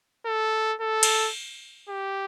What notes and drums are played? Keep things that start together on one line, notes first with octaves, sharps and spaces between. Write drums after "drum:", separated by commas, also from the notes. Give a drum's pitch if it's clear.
A4
A4
drum: cymbal
G4